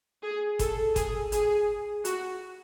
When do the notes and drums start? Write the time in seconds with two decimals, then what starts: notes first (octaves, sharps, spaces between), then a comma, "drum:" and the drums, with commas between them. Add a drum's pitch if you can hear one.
0.23 G#4
0.59 A4, drum: kick G1, hi-hat
0.96 G#4, drum: kick G1, hi-hat
1.32 G#4, drum: hi-hat
2.05 F#4, drum: hi-hat